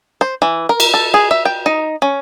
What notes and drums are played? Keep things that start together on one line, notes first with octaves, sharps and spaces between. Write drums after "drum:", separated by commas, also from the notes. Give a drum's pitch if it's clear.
C5
E3
A#4
drum: cymbal
A4
G#4
E5
G5
D#4
C#4